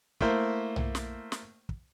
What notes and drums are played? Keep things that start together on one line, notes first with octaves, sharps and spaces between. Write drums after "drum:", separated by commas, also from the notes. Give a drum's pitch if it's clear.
A3 A#3 E4 A#4 C5, drum: kick
drum: tom B1
drum: snare
drum: snare
drum: kick